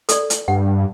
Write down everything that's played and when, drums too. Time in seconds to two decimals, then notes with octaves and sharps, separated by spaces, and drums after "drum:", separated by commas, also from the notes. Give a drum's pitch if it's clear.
0.09 A4 D5, drum: hi-hat
0.30 drum: hi-hat
0.48 G2 F#5